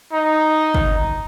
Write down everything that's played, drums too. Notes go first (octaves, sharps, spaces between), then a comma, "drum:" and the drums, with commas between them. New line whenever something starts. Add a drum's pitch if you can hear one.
D#4
drum: kick